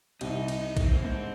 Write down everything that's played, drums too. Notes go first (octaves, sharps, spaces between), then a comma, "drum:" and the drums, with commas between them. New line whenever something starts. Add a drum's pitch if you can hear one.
C2 C3 D#4, drum: cymbal
D#4, drum: cymbal
D#4, drum: kick, cymbal
C4
A#3
G#2 C4